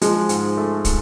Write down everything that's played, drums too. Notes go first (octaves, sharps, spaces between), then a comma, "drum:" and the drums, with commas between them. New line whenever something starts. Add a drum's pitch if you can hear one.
F3 G#3, drum: hi-hat
G#2, drum: hi-hat
A3
drum: kick, hi-hat